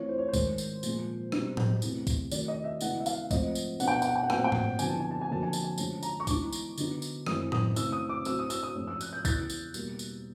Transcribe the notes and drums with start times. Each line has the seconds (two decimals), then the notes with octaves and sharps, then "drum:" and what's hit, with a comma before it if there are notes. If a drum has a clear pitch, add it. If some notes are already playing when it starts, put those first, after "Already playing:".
Already playing: E3 A3 C4 F4 C#5
0.09 C5
0.18 C#5
0.28 C5
0.34 G#2 D#3 G#3, drum: kick B1, tambourine
0.58 drum: tambourine
0.83 A#2 F3 G#3, drum: tambourine
1.32 B2 G3 C4 D#4, drum: rim click
1.57 drum: tom A2
1.82 E2 C3 E3 A3, drum: tambourine
2.07 drum: kick B1, tambourine
2.31 D#3 F#3 A3 D5, drum: tambourine
2.48 D#5
2.64 E5
2.81 C#3 E3 G#3 B3 F#5, drum: tambourine
3.00 E5
3.06 F5, drum: tambourine
3.31 G#2 F3 A3 C4 D#5, drum: kick B1, tambourine
3.55 drum: tambourine
3.80 B2 F#3 B3 D4 F#5, drum: tambourine
3.88 G5
3.95 F#5
4.02 G5, drum: tambourine
4.08 F#5
4.16 G5
4.23 F#5
4.30 A#2 F#3 A3 C4 G5, drum: rim click
4.37 F#5
4.44 G5
4.52 F#5, drum: tom G#2
4.79 F2 D3 F#3 B3 E4 G#5, drum: tambourine
4.89 A5
5.00 G#5
5.11 A5
5.21 G#5
5.29 F2 D3 F#3 A#3 A5
5.43 G#5
5.53 A5, drum: tambourine
5.64 G#5
5.78 D3 F3 G#3 C#4 A5, drum: tambourine
6.03 A#5, drum: tambourine
6.20 C#6
6.27 E3 G#3 B3 D#4 D6, drum: kick B1, tambourine
6.52 drum: tambourine
6.78 D3 F#3 B3 D#4, drum: tambourine
7.02 drum: tambourine
7.26 F#2 D#3 G#3 C4 E4 D#6, drum: rim click
7.52 D#6, drum: tom A2
7.76 C#3 E3 A3 C4 E6, drum: tambourine
7.92 D#6
8.09 D6
8.25 A2 F#3 A3 C4 E6, drum: tambourine
8.39 D#6
8.50 E6, drum: tambourine
8.63 D#6
8.75 G#2 F3 G#3 C#4 F4
8.87 E6
9.01 F#6, drum: tambourine
9.13 G6
9.25 E2 C#3 E3 A6, drum: kick B1, tambourine
9.50 drum: tambourine
9.74 B2 G3 A#3, drum: tambourine
9.99 drum: tambourine